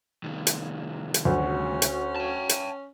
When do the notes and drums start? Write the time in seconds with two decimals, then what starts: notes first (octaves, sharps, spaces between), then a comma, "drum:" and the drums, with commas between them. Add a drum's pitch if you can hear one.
0.24 C2 D#3
0.47 drum: hi-hat
1.14 drum: hi-hat
1.25 D2 C#4 F#4
1.82 drum: hi-hat
2.16 G5 A5
2.49 drum: hi-hat